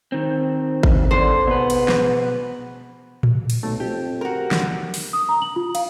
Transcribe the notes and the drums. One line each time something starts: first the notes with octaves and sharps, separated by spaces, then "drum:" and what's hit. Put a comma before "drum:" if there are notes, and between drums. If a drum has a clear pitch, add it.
D#3 C4
drum: kick G#1
D3 C5
G#2 B2 B3 B4
drum: cymbal
drum: snare
drum: tom A2
drum: cymbal
B1 A3
F2 G4
F#4 A#4
B1, drum: snare
drum: open hi-hat
D#6
A#5
F#7
F4
F5, drum: cymbal